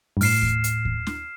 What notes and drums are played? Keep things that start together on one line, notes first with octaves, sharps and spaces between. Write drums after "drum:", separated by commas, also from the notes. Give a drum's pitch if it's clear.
G2
A2 F6 C7 E7, drum: open hi-hat
drum: kick D#2
drum: hi-hat
drum: kick D#2
drum: snare